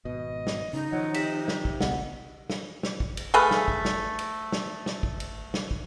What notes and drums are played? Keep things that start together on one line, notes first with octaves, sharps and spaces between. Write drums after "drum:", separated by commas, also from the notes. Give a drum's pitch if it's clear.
G#1 B2 D#5
drum: snare
C#3 D#4
D#3 F3 F#3 D#5
C3 B6 E7, drum: cymbal
drum: snare
drum: kick
C#2 B2 D#5 F#5, drum: snare
drum: snare
drum: snare
drum: kick
drum: cymbal
A3 G#4 B4 F5
drum: snare
drum: kick
drum: snare
drum: cymbal
drum: snare
drum: snare
drum: kick
drum: cymbal
drum: snare
drum: kick